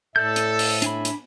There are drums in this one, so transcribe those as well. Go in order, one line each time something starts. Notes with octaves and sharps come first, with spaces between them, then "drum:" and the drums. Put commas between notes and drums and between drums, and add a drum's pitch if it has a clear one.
A2 A4 D5 E5 G6
drum: hi-hat
drum: open hi-hat
D4 G#5 B5, drum: hi-hat
drum: hi-hat